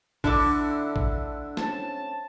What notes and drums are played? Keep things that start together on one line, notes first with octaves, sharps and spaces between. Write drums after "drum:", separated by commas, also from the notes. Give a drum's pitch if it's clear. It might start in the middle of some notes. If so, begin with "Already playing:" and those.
D3 A3 D4 E4 E5 D6, drum: kick A1
drum: kick A1
C4 C#4 A5, drum: snare